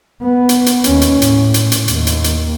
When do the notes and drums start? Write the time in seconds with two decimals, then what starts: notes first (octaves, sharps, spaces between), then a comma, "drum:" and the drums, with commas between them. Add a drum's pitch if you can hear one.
0.22 B3
0.49 drum: hi-hat
0.66 drum: hi-hat
0.84 D#2 C#4, drum: hi-hat
1.01 drum: hi-hat
1.22 A2, drum: hi-hat
1.54 drum: hi-hat
1.72 drum: hi-hat
1.88 D#2, drum: hi-hat
2.07 drum: hi-hat
2.24 drum: hi-hat